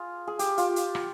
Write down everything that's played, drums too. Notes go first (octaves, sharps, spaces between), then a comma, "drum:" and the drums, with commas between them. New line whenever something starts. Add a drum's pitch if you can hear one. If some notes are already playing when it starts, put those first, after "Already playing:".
Already playing: F4 G#4
G#4
G4, drum: hi-hat
F4, drum: hi-hat
drum: hi-hat
drum: rim click